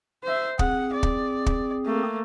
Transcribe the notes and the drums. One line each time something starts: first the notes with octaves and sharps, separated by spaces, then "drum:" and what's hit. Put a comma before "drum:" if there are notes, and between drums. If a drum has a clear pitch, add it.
C5 E5
C4 G#4 F#5, drum: kick
D5
drum: kick
drum: kick
A3 A#3